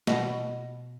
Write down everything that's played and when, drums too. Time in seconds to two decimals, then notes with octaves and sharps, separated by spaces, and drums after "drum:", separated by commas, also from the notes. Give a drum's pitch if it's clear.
0.07 B2, drum: snare